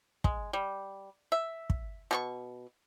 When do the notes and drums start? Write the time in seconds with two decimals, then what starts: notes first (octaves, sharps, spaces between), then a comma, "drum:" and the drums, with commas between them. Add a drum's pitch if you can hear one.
0.24 G#3, drum: kick
0.53 G3
1.32 E5
1.70 drum: kick
2.11 B2 D4 C#6